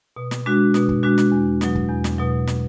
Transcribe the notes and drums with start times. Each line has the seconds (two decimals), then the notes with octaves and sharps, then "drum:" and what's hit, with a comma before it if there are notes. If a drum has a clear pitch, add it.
0.16 B2
0.31 drum: snare
0.46 G#3 D4 F#4
0.74 B2, drum: snare
0.89 drum: kick
1.03 G#3 D4 F#4
1.18 drum: snare
1.32 E2
1.61 B2 F#3, drum: snare
1.75 drum: kick
1.89 E2
2.04 drum: snare
2.18 B2 F#3
2.47 drum: snare